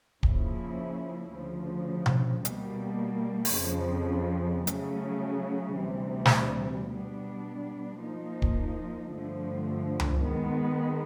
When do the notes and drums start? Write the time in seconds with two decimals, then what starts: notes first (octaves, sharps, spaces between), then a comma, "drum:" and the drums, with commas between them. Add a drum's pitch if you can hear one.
0.23 C#3 F3 A#3 C#4 E4, drum: kick
1.34 D2 C#3 F3
2.06 drum: tom B2
2.45 B2 G3 A#3, drum: hi-hat
3.45 drum: open hi-hat
3.56 F2 C#3 F3
4.67 C#3 F#3 A3 C#4, drum: hi-hat
5.78 D2 C3 E3 G3
6.25 drum: snare
6.89 B2 G3 B3 D4
8.00 F3 A#3 D#4
8.42 drum: kick
9.11 G2 D3 F3 A3
10.00 drum: tom C#2
10.22 D#3 G#3 B3